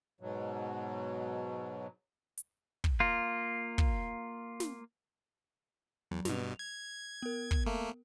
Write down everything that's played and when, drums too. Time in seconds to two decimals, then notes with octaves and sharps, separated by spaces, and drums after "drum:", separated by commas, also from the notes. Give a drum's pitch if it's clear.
0.21 G#2 B2 F#3
2.38 drum: hi-hat
2.84 drum: kick
3.00 A#3 F4
3.78 drum: kick
4.60 drum: snare
6.11 E2 F#3
6.25 G2 B2 F7, drum: snare
6.59 G#6
7.22 B3 A#4
7.51 drum: kick
7.66 A3 A#3